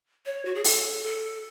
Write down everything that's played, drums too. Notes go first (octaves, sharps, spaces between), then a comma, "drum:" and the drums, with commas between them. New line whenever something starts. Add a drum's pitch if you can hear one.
C#5
F#4
G#4
A4, drum: open hi-hat
A4